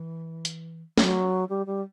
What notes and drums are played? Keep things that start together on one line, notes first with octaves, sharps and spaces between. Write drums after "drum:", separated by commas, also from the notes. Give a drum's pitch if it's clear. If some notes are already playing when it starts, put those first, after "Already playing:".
Already playing: E3
drum: hi-hat
F#3, drum: snare
G3
G3